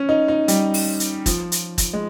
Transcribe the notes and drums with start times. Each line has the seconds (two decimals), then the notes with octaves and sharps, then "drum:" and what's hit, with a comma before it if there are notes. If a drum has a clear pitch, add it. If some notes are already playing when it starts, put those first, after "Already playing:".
Already playing: C#4
0.09 D#4
0.28 D#4
0.48 G3, drum: hi-hat
0.74 drum: open hi-hat
1.00 drum: hi-hat
1.26 F3, drum: kick, hi-hat
1.52 drum: hi-hat
1.78 drum: kick, hi-hat
1.93 G#3